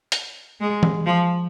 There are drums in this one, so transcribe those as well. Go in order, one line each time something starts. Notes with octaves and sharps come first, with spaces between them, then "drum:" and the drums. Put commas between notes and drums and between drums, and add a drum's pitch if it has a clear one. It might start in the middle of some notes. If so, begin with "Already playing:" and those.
drum: hi-hat
G#3
drum: tom E3
F3